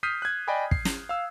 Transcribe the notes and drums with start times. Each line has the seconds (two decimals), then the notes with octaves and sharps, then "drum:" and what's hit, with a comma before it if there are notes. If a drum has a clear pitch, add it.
0.03 D#6 F6 G6 B6 C7 D#7
0.22 F#6 G#6
0.47 D5 D#5 G5 G#5 B5 D#6
0.71 C7, drum: kick
0.85 drum: snare
1.09 F5 E6